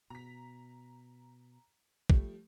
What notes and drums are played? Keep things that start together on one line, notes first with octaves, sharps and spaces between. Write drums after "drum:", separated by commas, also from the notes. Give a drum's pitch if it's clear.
B2 A#5 B6
F3 G3 A3, drum: kick